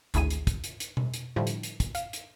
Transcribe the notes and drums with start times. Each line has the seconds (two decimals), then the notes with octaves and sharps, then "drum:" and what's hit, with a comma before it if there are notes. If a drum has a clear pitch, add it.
0.14 G#1 D2 E4 G#4 D#7, drum: hi-hat
0.30 drum: hi-hat
0.47 drum: kick, hi-hat
0.64 drum: hi-hat
0.80 drum: hi-hat
0.97 drum: tom B2
1.14 drum: hi-hat
1.36 A2 D3 F3 G3
1.47 drum: hi-hat
1.63 drum: hi-hat
1.80 drum: kick, hi-hat
1.95 F5, drum: hi-hat
2.13 drum: hi-hat